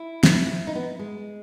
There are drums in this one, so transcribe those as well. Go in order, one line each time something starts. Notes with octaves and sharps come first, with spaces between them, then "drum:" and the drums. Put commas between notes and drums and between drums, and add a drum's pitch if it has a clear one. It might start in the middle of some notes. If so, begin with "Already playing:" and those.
Already playing: E4
drum: snare
D#4
B3
G#3